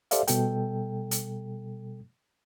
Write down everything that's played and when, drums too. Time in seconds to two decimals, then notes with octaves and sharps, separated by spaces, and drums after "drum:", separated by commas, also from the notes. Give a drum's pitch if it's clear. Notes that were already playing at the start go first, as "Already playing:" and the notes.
0.11 G4 A4 C5 D5 E5 F5, drum: hi-hat
0.27 B2 G3 A4 G5, drum: hi-hat
1.11 drum: hi-hat